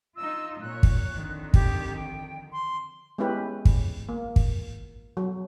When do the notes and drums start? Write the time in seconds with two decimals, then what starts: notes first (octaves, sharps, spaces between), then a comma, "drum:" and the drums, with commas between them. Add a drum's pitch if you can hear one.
0.16 D#4 F4 D#5 E6
0.61 A#2 C#5 F#6
0.83 drum: kick
1.14 F2 D3 D#3
1.54 G4, drum: kick
1.96 G5
2.52 C6
3.18 G#3 B3 C#4 E4 G4 B4
3.65 drum: kick
4.09 A#3
4.36 drum: kick
5.17 F#3